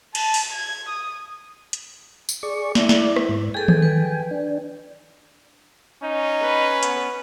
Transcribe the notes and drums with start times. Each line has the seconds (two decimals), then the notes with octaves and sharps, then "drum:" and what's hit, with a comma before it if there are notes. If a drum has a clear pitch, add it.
0.15 A5, drum: cymbal
0.34 drum: open hi-hat
0.53 G#6
0.89 D#6
1.73 drum: hi-hat
2.29 drum: tambourine
2.43 G#4 D5 C#6
2.75 E4 D5 E5, drum: snare
2.89 drum: snare
3.16 drum: rim click
3.29 G#2
3.54 G#4 A4 G5 G#5
3.68 drum: tom D#3
3.82 B4
4.31 D4
6.03 C#4 D#4
6.42 B4
6.83 B3, drum: hi-hat